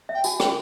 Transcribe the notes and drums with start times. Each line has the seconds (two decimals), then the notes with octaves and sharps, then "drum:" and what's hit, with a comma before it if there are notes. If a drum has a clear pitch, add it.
0.09 E5 G5
0.24 F#4 G#5, drum: tambourine
0.40 F#4 G5, drum: rim click